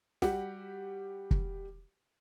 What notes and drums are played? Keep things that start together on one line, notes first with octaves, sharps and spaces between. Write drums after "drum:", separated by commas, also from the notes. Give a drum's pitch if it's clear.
G3 F#4 G4 F#5, drum: snare
drum: kick